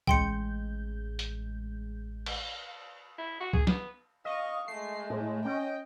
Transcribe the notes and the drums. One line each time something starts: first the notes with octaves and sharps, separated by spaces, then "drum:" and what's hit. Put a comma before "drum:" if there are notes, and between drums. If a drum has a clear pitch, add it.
A1 G#3 G5 C6 G6 C#7, drum: kick C2
drum: hi-hat
drum: cymbal
E4
F#4
G#4, drum: kick C2
B3, drum: snare
D#5 F5 C#6
G#3 A3 C7
A2
C#4 D#5 G5